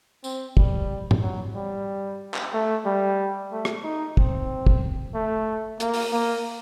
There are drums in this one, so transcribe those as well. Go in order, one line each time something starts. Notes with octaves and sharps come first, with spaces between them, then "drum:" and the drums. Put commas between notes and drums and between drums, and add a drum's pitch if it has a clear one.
C4, drum: tambourine
G3, drum: kick
drum: tom G#2
F#3
G3
drum: clap
A3
G3
A3
drum: rim click
D#4
C4, drum: kick
drum: kick
A3
A#3, drum: hi-hat
drum: open hi-hat
A#3